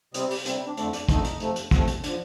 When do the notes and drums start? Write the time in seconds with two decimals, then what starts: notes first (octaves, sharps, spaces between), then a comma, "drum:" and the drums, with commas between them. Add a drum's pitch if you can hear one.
0.14 C3 G3 C4 D#5, drum: hi-hat
0.30 G4, drum: open hi-hat
0.45 C3 G3 C4, drum: hi-hat
0.56 C4
0.66 D4
0.77 F2 D3 A3 D4, drum: hi-hat
0.93 D4, drum: hi-hat
1.09 F2 D3 A3 D#4, drum: kick, hi-hat
1.24 drum: hi-hat
1.40 F2 C3 F3 A3, drum: hi-hat
1.56 drum: hi-hat
1.71 F2 C3 F3 A3, drum: kick, hi-hat
1.87 drum: hi-hat
2.03 D3 F3 D4, drum: hi-hat